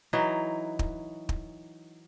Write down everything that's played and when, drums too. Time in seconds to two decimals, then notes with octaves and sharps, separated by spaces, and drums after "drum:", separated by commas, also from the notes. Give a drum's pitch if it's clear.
0.13 E3 F#3 D#4
0.79 drum: kick
1.29 drum: kick